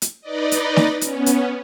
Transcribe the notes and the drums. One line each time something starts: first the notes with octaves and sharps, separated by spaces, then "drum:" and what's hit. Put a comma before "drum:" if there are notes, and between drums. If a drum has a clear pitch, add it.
drum: hi-hat
D#4 B4 D5 D#5
drum: hi-hat
drum: snare
B3 C#4, drum: hi-hat
drum: hi-hat